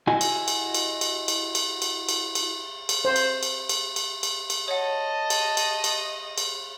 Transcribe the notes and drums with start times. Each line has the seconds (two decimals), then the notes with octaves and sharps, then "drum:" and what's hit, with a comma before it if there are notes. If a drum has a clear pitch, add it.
0.07 E4 F#4 D#5 G#5
0.21 drum: cymbal
0.48 drum: cymbal
0.74 drum: cymbal
1.01 drum: cymbal
1.28 drum: cymbal
1.55 drum: cymbal
1.82 drum: cymbal
2.09 drum: cymbal
2.35 drum: cymbal
2.89 drum: cymbal
3.05 C5
3.16 drum: cymbal
3.43 drum: cymbal
3.69 drum: cymbal
3.96 drum: cymbal
4.23 drum: cymbal
4.50 drum: cymbal
4.68 C#5 D#5 F#5 A5
5.30 drum: cymbal
5.57 drum: cymbal
5.84 drum: cymbal
6.38 drum: cymbal